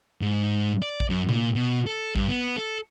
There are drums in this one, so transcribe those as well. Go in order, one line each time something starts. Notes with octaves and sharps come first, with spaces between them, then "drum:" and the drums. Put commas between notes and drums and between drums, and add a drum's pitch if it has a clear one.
G#2
D5
drum: kick A1
F#2
A#2, drum: tom C3
B2
A4
G2, drum: kick A1
B3
A4